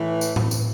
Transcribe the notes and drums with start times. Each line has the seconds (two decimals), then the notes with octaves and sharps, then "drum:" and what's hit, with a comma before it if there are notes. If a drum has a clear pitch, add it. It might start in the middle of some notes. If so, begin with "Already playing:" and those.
Already playing: A2 E3
0.21 drum: tambourine
0.36 drum: tom A2
0.51 drum: tambourine